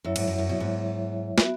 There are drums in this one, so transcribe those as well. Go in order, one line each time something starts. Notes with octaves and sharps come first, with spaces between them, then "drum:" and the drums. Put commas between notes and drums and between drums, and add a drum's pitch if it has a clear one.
F#2 F#3 E4 C#5 E5
G#2, drum: cymbal
F#2
F#2
B2
G#2
B3 F#4 E5, drum: snare